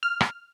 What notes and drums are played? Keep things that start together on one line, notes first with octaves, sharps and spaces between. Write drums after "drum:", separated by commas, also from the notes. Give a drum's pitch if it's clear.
F6
drum: rim click